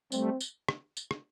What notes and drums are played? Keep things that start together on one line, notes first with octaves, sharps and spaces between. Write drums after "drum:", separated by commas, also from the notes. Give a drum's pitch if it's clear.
G3 A3 C4, drum: tambourine
drum: tambourine
drum: rim click
drum: tambourine
drum: rim click